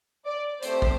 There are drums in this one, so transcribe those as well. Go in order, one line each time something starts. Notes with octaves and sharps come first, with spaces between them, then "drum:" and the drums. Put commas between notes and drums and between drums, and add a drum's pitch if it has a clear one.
D5
A3 C4 G4 C5, drum: hi-hat
drum: kick